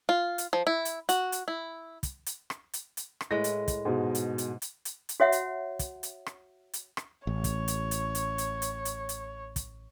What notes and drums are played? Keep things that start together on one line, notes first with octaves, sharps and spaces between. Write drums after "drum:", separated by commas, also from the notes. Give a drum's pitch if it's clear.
F4
drum: hi-hat
F3
E4
drum: hi-hat
F#4, drum: hi-hat
drum: hi-hat
E4
drum: kick, hi-hat
drum: hi-hat
drum: rim click
drum: hi-hat
drum: hi-hat
drum: rim click
A2 G#3 B4 A#6
drum: hi-hat
drum: kick, hi-hat
G#2 B2
drum: hi-hat
drum: hi-hat
drum: hi-hat
drum: hi-hat
drum: hi-hat
F#4 C#5 E5 F#5
drum: hi-hat
drum: kick, hi-hat
drum: hi-hat
drum: rim click
drum: hi-hat
drum: rim click
A1 C#5
drum: kick, hi-hat
drum: hi-hat
drum: hi-hat
drum: hi-hat
drum: hi-hat
drum: hi-hat
drum: hi-hat
drum: hi-hat
drum: kick, hi-hat